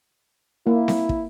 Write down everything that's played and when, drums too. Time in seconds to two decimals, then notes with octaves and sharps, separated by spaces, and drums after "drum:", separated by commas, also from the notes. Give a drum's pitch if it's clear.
0.67 A#3 E4
0.88 drum: snare C4
1.09 drum: kick